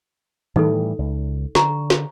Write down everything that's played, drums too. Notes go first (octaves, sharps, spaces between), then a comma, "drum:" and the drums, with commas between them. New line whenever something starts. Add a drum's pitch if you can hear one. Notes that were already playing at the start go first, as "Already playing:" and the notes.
A2 E3 G3 D#4 A4, drum: tom D#3
C#2
D3 A#5 C#6, drum: snare
drum: snare